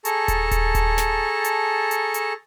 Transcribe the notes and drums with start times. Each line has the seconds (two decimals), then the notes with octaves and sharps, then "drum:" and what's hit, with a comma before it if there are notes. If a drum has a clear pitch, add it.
0.05 G#4 A4 A5 A#5 C#6, drum: hi-hat
0.28 drum: kick D#1, hi-hat
0.51 drum: kick D#1, hi-hat
0.75 drum: kick D#1, hi-hat
0.98 drum: snare
1.44 drum: hi-hat
1.91 drum: hi-hat
2.14 drum: hi-hat